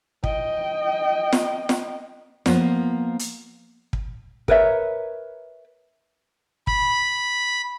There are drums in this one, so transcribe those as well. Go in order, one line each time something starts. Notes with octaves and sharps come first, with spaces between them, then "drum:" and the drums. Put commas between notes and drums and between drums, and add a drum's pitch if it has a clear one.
D#5 G5, drum: kick
drum: snare
drum: snare
F3 A#3 B3 C5, drum: snare
drum: hi-hat
drum: kick
A#4 B4 C#5 E5, drum: kick
B5, drum: kick